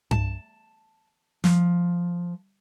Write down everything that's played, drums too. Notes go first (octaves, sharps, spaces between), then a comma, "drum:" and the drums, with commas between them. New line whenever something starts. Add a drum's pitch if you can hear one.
A5, drum: tom G2
F3, drum: snare